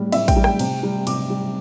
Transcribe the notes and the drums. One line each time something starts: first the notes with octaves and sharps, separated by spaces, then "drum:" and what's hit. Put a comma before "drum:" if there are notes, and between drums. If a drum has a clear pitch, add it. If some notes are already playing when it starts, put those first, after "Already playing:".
Already playing: A2 G3
A2 E5, drum: cymbal
G5, drum: kick A1, cymbal
G3
G5, drum: rim click
C3, drum: cymbal
G3
C3 D6, drum: cymbal
G3